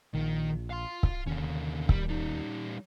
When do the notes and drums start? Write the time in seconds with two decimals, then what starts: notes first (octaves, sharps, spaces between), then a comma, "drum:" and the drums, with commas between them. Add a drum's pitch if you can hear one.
0.15 A#1 D#3
0.71 F5 C6
1.03 drum: kick C#1
1.27 D#2 D3 C#4
1.89 G3, drum: kick C#1
2.09 G3 D#4